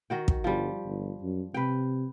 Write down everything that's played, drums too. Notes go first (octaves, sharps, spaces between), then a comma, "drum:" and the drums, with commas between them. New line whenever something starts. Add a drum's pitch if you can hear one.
D#3 F#4 G5
drum: kick
G1 F3 G3
G1
F#2
C3 B4 G5